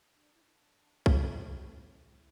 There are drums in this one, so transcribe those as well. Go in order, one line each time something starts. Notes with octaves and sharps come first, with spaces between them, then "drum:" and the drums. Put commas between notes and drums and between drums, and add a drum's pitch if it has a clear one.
D4
E4
D4
drum: kick B1
F#4
E4